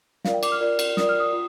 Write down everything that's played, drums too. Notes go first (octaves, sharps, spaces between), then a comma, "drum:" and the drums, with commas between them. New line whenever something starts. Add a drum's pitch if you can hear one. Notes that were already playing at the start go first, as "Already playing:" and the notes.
F4 A#4 D5 F5, drum: snare
G5
D6, drum: cymbal
F6
F4 A#4 D5
drum: cymbal
F4 A#4 D5 D#6, drum: snare
F6
D#6
F4